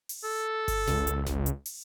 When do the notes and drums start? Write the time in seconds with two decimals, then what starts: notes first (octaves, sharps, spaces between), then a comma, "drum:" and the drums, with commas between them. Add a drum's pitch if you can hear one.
0.09 drum: open hi-hat
0.24 A4
0.68 drum: kick G1, open hi-hat
0.87 C#2, drum: snare G1
1.07 drum: hi-hat
1.26 drum: snare G1
1.46 drum: hi-hat
1.66 drum: open hi-hat